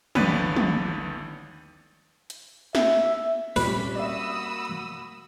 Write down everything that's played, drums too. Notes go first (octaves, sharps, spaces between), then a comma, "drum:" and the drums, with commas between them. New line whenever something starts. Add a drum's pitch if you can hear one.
A1 D#2 D3 B4 D5, drum: tom
drum: tom
drum: hi-hat
E5, drum: snare
A#2 G3 C4 C#4 B4 B6, drum: open hi-hat
A#3 F#4 D5 E5 B5 D#6 E6